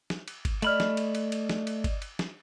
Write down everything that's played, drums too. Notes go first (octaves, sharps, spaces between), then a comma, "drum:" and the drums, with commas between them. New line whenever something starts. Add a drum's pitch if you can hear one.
drum: snare
drum: cymbal
drum: kick G1, cymbal
A3 D5 D#5 B5 F6, drum: cymbal
drum: snare
drum: cymbal
drum: cymbal
drum: cymbal
drum: snare
drum: cymbal
drum: kick G1, cymbal
drum: cymbal
drum: snare